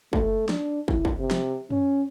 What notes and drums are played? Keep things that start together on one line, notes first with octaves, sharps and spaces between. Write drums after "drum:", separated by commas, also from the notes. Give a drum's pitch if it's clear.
A3, drum: kick
D4, drum: snare
E4, drum: kick
drum: kick
C3
drum: snare
C#4, drum: tom F#2